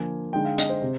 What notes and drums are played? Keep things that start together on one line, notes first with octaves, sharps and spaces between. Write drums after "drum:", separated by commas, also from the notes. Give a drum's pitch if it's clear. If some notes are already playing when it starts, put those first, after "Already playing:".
Already playing: D3 F3 A#3 G#5
D3 G#3 D#4 G5
F5
D#5, drum: hi-hat
C5
C3